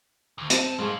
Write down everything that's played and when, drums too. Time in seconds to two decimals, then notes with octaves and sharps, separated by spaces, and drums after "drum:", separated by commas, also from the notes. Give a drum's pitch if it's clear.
0.38 D2
0.50 G#2 C4 A5, drum: hi-hat
0.79 G#2 G#3 A#3 C#5